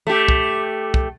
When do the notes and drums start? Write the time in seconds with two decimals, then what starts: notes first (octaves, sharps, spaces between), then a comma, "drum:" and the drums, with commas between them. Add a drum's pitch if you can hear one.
0.07 A3 G4
0.28 drum: kick
0.94 drum: kick